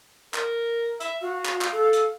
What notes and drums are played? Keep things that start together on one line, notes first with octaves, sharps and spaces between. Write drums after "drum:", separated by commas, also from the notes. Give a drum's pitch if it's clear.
A#4, drum: clap
E5, drum: hi-hat
F#4 F5
drum: clap
drum: clap
A4
drum: hi-hat